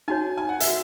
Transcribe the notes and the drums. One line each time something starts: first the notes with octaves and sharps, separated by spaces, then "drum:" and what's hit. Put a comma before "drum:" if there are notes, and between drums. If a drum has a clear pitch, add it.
D#4 F#4 C#5 G#5
G#5
F#5
E5, drum: hi-hat
F#4